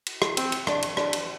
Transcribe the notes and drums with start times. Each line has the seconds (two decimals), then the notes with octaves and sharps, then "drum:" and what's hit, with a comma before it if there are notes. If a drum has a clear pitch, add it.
0.06 drum: cymbal
0.22 drum: rim click
0.37 C4, drum: cymbal
0.52 drum: cymbal
0.67 D4, drum: rim click
0.82 drum: cymbal
0.97 D4, drum: rim click
1.13 drum: cymbal